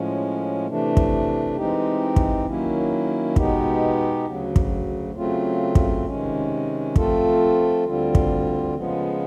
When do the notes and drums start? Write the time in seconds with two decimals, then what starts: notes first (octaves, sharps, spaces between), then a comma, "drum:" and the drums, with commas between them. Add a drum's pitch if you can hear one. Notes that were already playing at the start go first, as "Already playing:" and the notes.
Already playing: A2 F3 G#3 C#4
0.66 C3 E3 A3 D4
0.97 drum: kick
1.56 E3 G#3 C4 D#4 G4
2.16 drum: kick
2.46 D#3 F#3 A#3 C#4 E4
3.36 B2 G#3 B3 D#4 G4, drum: kick
4.26 D2 C#3 F#3
4.56 drum: kick
5.15 C#3 F#3 A3 C4 F4
5.75 drum: kick
6.05 C3 D#3 G#3 C#4
6.96 F3 A3 C4 F4 A4, drum: kick
7.85 D2 D3 G3 C4 F4
8.15 drum: kick
8.74 C#3 F3 G#3 B3